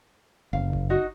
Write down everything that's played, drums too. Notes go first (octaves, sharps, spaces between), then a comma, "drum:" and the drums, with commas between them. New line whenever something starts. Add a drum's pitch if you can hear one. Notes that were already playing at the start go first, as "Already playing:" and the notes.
F#1 F5
drum: kick G1
D#4 F#4 D#5